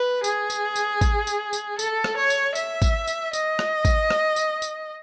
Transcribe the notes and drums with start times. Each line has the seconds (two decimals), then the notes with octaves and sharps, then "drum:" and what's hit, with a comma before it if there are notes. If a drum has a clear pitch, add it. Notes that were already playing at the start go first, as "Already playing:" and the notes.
Already playing: B4
0.24 G#4, drum: tambourine
0.50 drum: tambourine
0.76 drum: tambourine
1.01 drum: kick, tambourine
1.27 drum: tambourine
1.53 drum: tambourine
1.79 A4, drum: tambourine
2.04 drum: rim click
2.17 C#5
2.30 drum: tambourine
2.55 E5, drum: tambourine
2.82 drum: kick, tambourine
3.07 drum: tambourine
3.33 D#5, drum: tambourine
3.59 drum: rim click
3.85 drum: kick, tambourine
4.10 drum: rim click
4.36 drum: tambourine
4.62 drum: tambourine